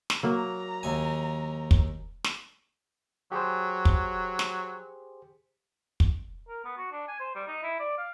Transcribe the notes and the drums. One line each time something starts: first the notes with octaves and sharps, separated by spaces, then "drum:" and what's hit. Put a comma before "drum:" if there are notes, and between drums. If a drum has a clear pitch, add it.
drum: snare
F#3 A#3 A#5
D#2 G#5
drum: kick
drum: snare
F#3 G4 G#4 C5
drum: kick
drum: snare
drum: kick
A#4
B3
F#4
D4
G#5
C5
G3
D#4
E4
D5
F5